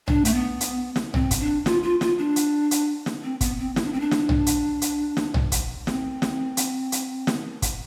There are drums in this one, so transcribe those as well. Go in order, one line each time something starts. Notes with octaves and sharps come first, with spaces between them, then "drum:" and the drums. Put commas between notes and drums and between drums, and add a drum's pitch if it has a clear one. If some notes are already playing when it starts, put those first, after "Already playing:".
D4, drum: tom
A3, drum: hi-hat
B3
drum: hi-hat
drum: snare
C4, drum: tom
drum: kick, hi-hat
D4
F4, drum: snare
F4
F4, drum: snare
D4
drum: hi-hat
drum: hi-hat
drum: snare
C4
B3, drum: kick, hi-hat
C4
E4, drum: snare
D4
C4
D4
drum: snare
drum: tom
drum: hi-hat
drum: hi-hat
drum: snare
drum: tom
drum: kick, hi-hat
C4, drum: snare
drum: snare
drum: hi-hat
drum: hi-hat
drum: snare
drum: kick, hi-hat